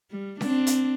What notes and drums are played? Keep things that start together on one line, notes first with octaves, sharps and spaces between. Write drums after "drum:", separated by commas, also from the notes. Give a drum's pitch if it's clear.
G3
C4 D4, drum: snare C#4
drum: hi-hat